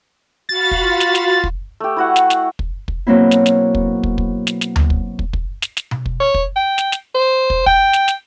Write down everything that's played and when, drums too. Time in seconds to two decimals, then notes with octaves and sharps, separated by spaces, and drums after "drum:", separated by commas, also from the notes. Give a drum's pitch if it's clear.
0.49 F#4 F5 B5 A6
0.71 drum: kick
0.81 F4
1.00 drum: snare
1.15 drum: snare
1.44 drum: kick
1.80 A3 G4
1.97 E4 F#4 F#5
2.16 drum: snare
2.30 drum: snare
2.59 drum: kick
2.88 drum: kick
3.07 B2 F#3 A#3 C4 E4
3.31 drum: snare
3.46 drum: snare
3.75 drum: kick
4.03 drum: kick
4.18 drum: kick
4.47 drum: snare
4.61 drum: snare
4.76 drum: tom D2
4.90 drum: kick
5.19 drum: kick
5.33 drum: kick
5.62 drum: snare
5.77 drum: snare
5.91 drum: tom B2
6.06 drum: kick
6.20 C#5
6.34 drum: kick
6.56 G5
6.78 drum: snare
6.92 drum: snare
7.15 C5
7.50 drum: kick
7.66 G5, drum: kick
7.93 drum: snare
8.08 drum: snare